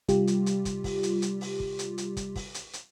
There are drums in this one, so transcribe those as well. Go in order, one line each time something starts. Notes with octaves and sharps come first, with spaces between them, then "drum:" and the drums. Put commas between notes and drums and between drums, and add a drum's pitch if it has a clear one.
C3 G3 F4 G4, drum: kick, hi-hat
drum: hi-hat
drum: hi-hat
drum: kick, hi-hat
drum: kick, open hi-hat
drum: hi-hat
drum: hi-hat
drum: open hi-hat
drum: kick
drum: hi-hat
drum: hi-hat
drum: kick, hi-hat
drum: kick, open hi-hat
drum: hi-hat
drum: hi-hat